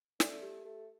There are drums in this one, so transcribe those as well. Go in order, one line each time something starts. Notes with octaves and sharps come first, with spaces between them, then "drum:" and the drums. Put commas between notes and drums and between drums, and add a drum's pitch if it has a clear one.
A3 D5, drum: snare
G4
A3